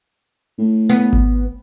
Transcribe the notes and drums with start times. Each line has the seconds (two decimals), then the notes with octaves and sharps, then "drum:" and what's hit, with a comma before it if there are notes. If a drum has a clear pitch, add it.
0.59 A2
0.89 B3
1.13 drum: kick G#1